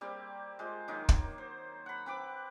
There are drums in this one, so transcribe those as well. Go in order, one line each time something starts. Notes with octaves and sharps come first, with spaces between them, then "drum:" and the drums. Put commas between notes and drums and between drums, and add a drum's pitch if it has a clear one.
G3 A#3 C4 G4
G#3 F4 C5
D#3 F#3 A#3 D#4
drum: kick
C5
F#5 B5
C4 B4 D6